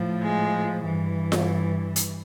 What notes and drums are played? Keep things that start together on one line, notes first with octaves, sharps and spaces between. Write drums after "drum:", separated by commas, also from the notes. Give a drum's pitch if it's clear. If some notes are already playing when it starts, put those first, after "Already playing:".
Already playing: A2 F3
G#3
G2 E3
drum: snare F4
drum: hi-hat